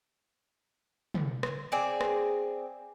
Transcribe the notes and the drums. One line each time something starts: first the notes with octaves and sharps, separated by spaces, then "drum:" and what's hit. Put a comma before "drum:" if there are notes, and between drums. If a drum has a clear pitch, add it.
drum: tom
drum: rim click
C4 G#4 D5
drum: rim click